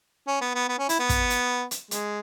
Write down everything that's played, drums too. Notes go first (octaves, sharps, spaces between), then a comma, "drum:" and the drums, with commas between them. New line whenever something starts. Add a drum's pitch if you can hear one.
C#4
B3
B3
B3
C#4
E4, drum: hi-hat
B3
drum: kick, hi-hat
drum: hi-hat
drum: hi-hat
G#3, drum: hi-hat